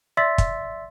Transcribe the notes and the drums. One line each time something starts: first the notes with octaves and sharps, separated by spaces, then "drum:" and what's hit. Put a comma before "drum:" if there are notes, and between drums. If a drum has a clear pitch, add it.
D5 E5 C6 E6 A6 B6
drum: kick, hi-hat